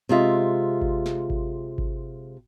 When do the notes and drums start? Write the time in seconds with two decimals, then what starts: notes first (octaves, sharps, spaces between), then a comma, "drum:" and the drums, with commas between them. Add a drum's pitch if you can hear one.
0.09 C3 G#3 F4 E5
0.82 drum: kick G#1
1.06 drum: snare
1.30 drum: kick G#1
1.78 drum: kick G#1